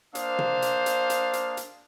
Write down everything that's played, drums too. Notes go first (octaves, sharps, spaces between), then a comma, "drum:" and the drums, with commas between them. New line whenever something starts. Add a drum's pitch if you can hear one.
A#3 D4 C5 F5 D#6, drum: hi-hat
drum: tom
drum: hi-hat
drum: hi-hat
drum: hi-hat
drum: hi-hat
drum: hi-hat